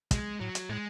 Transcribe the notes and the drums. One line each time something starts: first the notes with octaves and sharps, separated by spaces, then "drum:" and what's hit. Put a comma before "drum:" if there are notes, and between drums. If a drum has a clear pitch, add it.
B2 G#3, drum: kick, hi-hat
A2 F#3
drum: hi-hat
A2 G#3